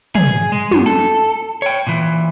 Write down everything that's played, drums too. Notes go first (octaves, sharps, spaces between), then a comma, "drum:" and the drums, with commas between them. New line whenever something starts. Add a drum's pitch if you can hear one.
G#4, drum: tom
G#3
F#2, drum: tom
A4
C#5 G5
A#2 E3